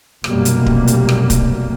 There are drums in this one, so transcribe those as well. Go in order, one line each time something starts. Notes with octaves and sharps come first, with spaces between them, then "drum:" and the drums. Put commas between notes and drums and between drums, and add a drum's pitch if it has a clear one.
F1 F#2 B2 G3 A#3, drum: rim click
drum: hi-hat
drum: kick D1
drum: hi-hat
drum: rim click
drum: kick D1, hi-hat